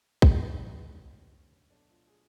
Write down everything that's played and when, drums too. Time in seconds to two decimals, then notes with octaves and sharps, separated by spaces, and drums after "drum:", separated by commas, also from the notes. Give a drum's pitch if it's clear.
0.22 G#2 F3 A3 B4, drum: kick
0.41 C#5
0.59 B4
0.78 C#4
0.97 D2 D3 F#3
1.70 B2 F#3 A3 D4
1.89 F4
2.07 G#4